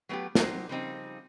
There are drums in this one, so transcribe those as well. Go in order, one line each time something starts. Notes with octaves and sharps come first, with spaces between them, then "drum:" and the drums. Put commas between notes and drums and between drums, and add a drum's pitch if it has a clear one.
F#3 A3 B3 F4 G4
F#3 D#4 G4 C5, drum: snare
C#3 F3 G3 C4 D#4